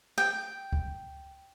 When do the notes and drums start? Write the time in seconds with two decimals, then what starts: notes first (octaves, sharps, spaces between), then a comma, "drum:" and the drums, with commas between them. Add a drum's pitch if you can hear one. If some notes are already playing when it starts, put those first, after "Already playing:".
0.18 G5
0.73 drum: kick C#2